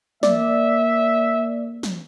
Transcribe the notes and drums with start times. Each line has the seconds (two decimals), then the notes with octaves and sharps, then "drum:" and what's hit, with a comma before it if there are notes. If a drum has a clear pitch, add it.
0.23 A#3 D5 E5, drum: snare
1.83 drum: snare